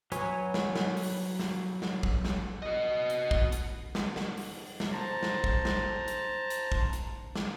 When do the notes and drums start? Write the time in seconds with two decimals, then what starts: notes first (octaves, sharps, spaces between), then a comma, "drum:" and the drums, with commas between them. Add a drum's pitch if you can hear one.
0.12 F#3 F#4 B4 C#5 G#5, drum: hi-hat
0.54 drum: snare
0.76 drum: snare
0.97 drum: open hi-hat
1.39 drum: snare
1.82 drum: snare
2.03 drum: kick
2.25 drum: snare
2.62 F#4 D#5
3.10 drum: hi-hat
3.31 drum: kick
3.52 drum: hi-hat
3.95 drum: snare
4.16 drum: snare
4.37 drum: open hi-hat
4.80 drum: snare
4.92 C5 A5 A#5
5.23 drum: snare
5.44 drum: kick
5.65 drum: snare
6.08 drum: hi-hat
6.50 drum: hi-hat
6.72 drum: kick
6.93 drum: hi-hat
7.35 drum: snare